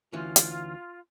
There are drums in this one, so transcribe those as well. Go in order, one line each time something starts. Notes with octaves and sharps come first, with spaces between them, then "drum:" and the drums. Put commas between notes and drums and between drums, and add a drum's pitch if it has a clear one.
D2 E3 C#4 F4
drum: hi-hat